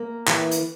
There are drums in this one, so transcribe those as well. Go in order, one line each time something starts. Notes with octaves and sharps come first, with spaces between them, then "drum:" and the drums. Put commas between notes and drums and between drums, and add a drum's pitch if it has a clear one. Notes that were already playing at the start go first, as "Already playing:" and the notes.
Already playing: A#3
E3, drum: clap
drum: hi-hat